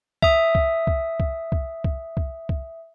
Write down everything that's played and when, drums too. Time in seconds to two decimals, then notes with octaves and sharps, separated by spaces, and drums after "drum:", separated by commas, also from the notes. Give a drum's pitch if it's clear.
0.22 E5 D#6, drum: kick
0.55 drum: kick
0.87 drum: kick
1.20 drum: kick
1.52 drum: kick
1.84 drum: kick
2.17 drum: kick
2.49 drum: kick